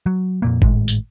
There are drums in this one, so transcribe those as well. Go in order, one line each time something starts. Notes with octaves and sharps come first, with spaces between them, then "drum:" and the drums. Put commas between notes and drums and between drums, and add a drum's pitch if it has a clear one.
F#3
F2 A#2 A#3
G#1 A2 G#3, drum: kick G1
drum: tambourine